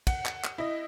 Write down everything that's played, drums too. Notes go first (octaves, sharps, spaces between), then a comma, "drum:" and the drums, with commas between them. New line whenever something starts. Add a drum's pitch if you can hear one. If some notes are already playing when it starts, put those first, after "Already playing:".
F#5, drum: kick, cymbal
drum: clap
drum: clap
E4 D#5